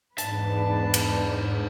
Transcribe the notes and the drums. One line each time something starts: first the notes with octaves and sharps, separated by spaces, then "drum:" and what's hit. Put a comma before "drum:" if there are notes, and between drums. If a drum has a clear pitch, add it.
E2 G#2 D4 B4 A5, drum: hi-hat
drum: cymbal